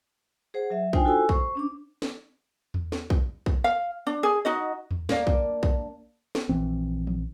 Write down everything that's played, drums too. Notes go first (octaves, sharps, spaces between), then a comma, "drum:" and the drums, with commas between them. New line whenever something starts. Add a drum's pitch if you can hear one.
G#4 C5 F#5
F#3 E5
D4 D#4 F4 C5 G5 G#5, drum: kick
F4 F#4 A4 C5 G#5 E6
C5 C#6, drum: kick
C#4 D4 D6
drum: snare
drum: tom E2
drum: snare
drum: kick
drum: kick
F5
D4
G#4
D#4 F#4 D#5
drum: tom E2
A#3 D4, drum: snare
drum: kick
drum: kick
drum: snare
A#1 E3 C4
drum: tom F3